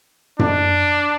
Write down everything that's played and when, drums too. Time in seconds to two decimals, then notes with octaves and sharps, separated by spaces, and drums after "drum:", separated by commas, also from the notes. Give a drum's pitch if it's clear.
0.39 D4, drum: tom F#2